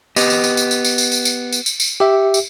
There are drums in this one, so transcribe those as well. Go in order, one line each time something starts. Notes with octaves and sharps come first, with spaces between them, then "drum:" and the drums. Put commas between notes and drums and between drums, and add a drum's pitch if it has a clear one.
B3 G4 D#5, drum: tambourine
drum: tambourine
drum: tambourine
drum: tambourine
drum: tambourine
drum: tambourine
drum: tambourine
drum: tambourine
drum: tambourine
drum: tambourine
drum: tambourine
drum: tambourine
G4 E5
drum: tambourine